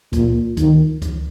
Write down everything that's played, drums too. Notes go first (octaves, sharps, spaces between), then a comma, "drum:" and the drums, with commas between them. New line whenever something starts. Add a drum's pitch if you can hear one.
A#2, drum: kick C#2, hi-hat
D#3, drum: kick C#2, hi-hat
drum: kick C#2, hi-hat